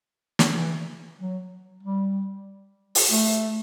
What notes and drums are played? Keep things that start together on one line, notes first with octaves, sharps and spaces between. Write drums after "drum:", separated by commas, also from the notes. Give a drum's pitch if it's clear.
drum: snare
E3
F#3
G3
drum: open hi-hat
A3